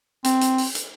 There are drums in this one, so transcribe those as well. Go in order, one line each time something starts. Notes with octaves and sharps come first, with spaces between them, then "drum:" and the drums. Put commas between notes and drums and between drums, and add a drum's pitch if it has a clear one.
C4, drum: hi-hat
drum: hi-hat
drum: open hi-hat
drum: hi-hat